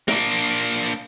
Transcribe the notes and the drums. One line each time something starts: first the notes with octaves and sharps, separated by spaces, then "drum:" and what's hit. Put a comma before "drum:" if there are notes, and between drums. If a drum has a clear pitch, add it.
A#3 D4, drum: snare
drum: hi-hat